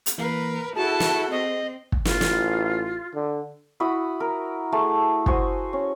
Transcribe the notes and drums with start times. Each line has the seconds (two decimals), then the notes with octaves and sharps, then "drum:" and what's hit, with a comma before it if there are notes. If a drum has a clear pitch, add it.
0.06 drum: hi-hat
0.18 E3 A#3 A#4 B4 C7
0.76 E4 F#4 G#4 A4 A5
1.00 drum: snare
1.31 C4 D#5
1.92 drum: kick
2.05 A1 F4, drum: snare
2.21 drum: snare
3.14 D3
3.80 E4 F#4 B5 D#6
4.20 A#4
4.72 A3 G#4 A5
5.26 F#4 C5 G#5 D#6, drum: kick
5.73 C#4